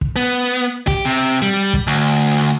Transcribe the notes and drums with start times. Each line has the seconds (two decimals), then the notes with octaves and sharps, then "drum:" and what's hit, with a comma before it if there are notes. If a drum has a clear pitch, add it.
0.01 drum: kick
0.16 B3
0.87 G4, drum: kick
1.06 C3
1.42 G3
1.73 drum: kick
1.87 D2